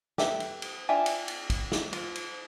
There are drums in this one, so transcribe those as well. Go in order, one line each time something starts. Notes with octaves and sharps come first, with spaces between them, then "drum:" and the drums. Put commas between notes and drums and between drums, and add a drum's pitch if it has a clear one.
G4 A4 B4 E5, drum: snare
drum: cymbal
drum: cymbal
D4 F4 E5 G5 G#5
drum: cymbal
drum: cymbal
drum: kick, cymbal
drum: snare
F4, drum: cymbal
drum: cymbal